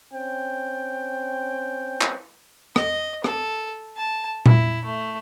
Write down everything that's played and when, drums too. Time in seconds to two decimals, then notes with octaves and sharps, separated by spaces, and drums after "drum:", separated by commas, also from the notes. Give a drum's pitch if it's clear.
0.13 C4 C#4 G5
2.01 drum: clap
2.76 D#5, drum: rim click
3.24 A4, drum: rim click
3.97 A5
4.46 E4, drum: tom A#2
4.85 A3